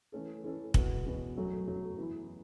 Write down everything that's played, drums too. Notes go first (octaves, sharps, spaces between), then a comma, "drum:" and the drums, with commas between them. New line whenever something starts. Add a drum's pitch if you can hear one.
E3 A3 C#4 A4
E3 A3 C#4 A4
E2 B2 B3 F#4, drum: kick
E2 B2 B3 F#4
F#2 F#3 A3 C#4
F#2 F#3 A3 C#4
E3 B3 E4